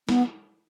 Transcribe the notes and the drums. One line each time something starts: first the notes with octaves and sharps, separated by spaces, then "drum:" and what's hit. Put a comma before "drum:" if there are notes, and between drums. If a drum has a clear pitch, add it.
B3, drum: snare